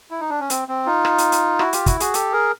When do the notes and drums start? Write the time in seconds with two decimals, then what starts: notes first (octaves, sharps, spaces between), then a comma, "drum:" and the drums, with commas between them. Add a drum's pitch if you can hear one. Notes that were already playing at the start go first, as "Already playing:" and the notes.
0.11 E4
0.20 D#4
0.30 D4
0.40 C#4
0.50 C4, drum: hi-hat
0.68 C4
0.86 D#4 F4
1.05 drum: rim click
1.18 drum: hi-hat
1.32 drum: hi-hat
1.59 E4 F#4, drum: rim click
1.73 F4 G4, drum: hi-hat
1.86 E4 F#4, drum: kick, hi-hat
2.00 F#4 G#4, drum: hi-hat
2.14 G4 A4, drum: hi-hat
2.32 G#4 A#4